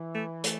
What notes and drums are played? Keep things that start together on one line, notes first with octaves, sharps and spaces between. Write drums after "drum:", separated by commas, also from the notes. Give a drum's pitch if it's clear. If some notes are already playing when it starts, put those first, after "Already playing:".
Already playing: E3
A3
A3, drum: hi-hat